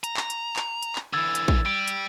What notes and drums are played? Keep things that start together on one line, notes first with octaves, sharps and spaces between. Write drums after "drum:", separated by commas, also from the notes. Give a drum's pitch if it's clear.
A#5, drum: hi-hat
drum: clap
drum: hi-hat
drum: clap
drum: hi-hat
drum: clap
D3 E3 E6 G#6 A6
drum: hi-hat
drum: kick
G3 D7
drum: hi-hat